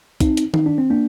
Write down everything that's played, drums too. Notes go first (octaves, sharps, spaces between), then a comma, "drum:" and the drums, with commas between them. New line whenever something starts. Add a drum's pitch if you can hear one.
C4 D#4, drum: kick, hi-hat
drum: hi-hat
D#4, drum: tom D#3
D4
C4
A#3 D4